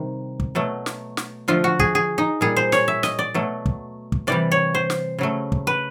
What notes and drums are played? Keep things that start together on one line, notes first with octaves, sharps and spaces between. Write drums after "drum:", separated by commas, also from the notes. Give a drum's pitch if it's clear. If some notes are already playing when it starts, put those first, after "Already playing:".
Already playing: C3 D#3 G3
drum: kick
B2 F#3 A3
drum: snare
drum: snare
D3 F3 A3 F4
F#4
G#4, drum: kick
G#4
D#4
A#2 G3 G#4
C5
C#5, drum: snare
E5
D#5, drum: snare
D5
B2 F#3 A3
drum: kick
drum: kick
C3 E3 G3 D5
C#5
C5
drum: snare
C#3 F#3 A3
drum: kick
B4